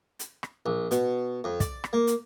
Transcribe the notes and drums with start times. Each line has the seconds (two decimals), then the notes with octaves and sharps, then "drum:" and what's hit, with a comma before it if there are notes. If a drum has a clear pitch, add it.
0.19 drum: hi-hat
0.43 drum: rim click
0.66 A#1
0.91 B2, drum: hi-hat
1.44 F2
1.60 D5, drum: kick, hi-hat
1.84 drum: rim click
1.93 A#3
2.07 drum: hi-hat